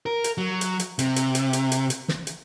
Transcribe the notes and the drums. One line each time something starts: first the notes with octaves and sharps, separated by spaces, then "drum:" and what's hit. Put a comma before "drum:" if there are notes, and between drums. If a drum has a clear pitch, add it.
A#4
drum: hi-hat
F#3
drum: hi-hat
drum: hi-hat
C3, drum: hi-hat
drum: hi-hat
drum: hi-hat
drum: hi-hat
drum: hi-hat
drum: hi-hat
drum: snare
drum: hi-hat